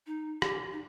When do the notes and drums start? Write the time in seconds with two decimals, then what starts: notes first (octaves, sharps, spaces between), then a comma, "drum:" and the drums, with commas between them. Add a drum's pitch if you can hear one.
0.07 D#4
0.42 G4, drum: rim click
0.72 D#4